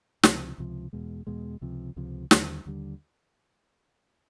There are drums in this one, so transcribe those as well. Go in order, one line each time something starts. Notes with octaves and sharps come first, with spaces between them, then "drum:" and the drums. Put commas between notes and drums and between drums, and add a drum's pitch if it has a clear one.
C#2 C3 F3, drum: snare
C#2 C3 F3
E2 B2 G#3
E2 B2 G#3
C#2 C3 F3
C#2 C3 F3
D#2 D3 G3, drum: snare
D#2 D3 G3